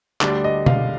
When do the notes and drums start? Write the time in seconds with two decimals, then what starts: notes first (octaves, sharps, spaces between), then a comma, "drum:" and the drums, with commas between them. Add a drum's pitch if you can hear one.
0.21 D2 D3 G3 D5, drum: clap
0.44 D#5
0.66 F5, drum: tom B2